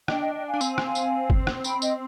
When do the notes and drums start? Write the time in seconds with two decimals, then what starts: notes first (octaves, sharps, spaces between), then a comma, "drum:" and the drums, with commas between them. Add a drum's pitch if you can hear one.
0.08 D4 D#5 G5, drum: rim click
0.21 D#5 G5
0.35 D#5 G5
0.47 F5 G#5
0.53 D4
0.61 C4, drum: tambourine
0.78 drum: rim click
0.95 drum: tambourine
1.30 drum: kick
1.47 drum: rim click
1.64 G5 B5, drum: tambourine
1.82 D#5 G5, drum: tambourine